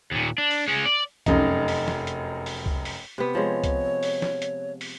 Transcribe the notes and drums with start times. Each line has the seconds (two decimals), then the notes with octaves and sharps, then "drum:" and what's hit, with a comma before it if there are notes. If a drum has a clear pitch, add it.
0.12 D#2 A#2
0.38 D4
0.51 drum: open hi-hat
0.68 G#3 C#4
0.85 D5
1.26 F1 F#2 D#4, drum: kick C2, hi-hat
1.68 drum: open hi-hat
1.88 drum: snare
2.07 drum: hi-hat
2.46 drum: open hi-hat
2.66 drum: kick C2
2.85 drum: open hi-hat
3.18 C3 B3
3.35 F3 G#3 C#5
3.64 drum: kick C2, hi-hat
4.03 drum: open hi-hat
4.22 drum: snare
4.42 drum: hi-hat
4.81 drum: open hi-hat